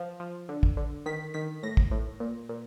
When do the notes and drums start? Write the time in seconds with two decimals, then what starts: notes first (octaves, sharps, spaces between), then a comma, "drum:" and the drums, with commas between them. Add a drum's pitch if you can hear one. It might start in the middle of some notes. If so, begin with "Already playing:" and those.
Already playing: F3
0.20 F3
0.49 D3
0.63 drum: kick
0.77 D3
1.06 D#3 B6
1.34 D#3 B6
1.63 A2 A#6
1.77 drum: kick
1.91 A2
2.20 A#2
2.49 A#2